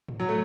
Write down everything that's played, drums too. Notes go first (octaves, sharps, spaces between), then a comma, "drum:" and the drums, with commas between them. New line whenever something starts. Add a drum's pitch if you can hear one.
drum: tom G#2
F#3
A3